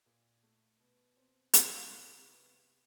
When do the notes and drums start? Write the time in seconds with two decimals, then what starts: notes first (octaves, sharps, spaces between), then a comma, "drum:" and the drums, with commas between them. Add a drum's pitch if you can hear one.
0.06 A#2
0.43 A3
0.80 B2
1.17 C4
1.54 C3, drum: hi-hat
1.90 C3
2.27 B3